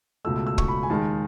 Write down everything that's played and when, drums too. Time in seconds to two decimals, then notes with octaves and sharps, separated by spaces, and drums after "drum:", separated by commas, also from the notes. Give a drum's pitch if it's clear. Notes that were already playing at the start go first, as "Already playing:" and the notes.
0.24 C#2 B2 A3 E6
0.36 E6
0.47 E6
0.58 C#6, drum: kick
0.68 B5
0.83 G#5
0.90 D#2 D#3 G#3 A5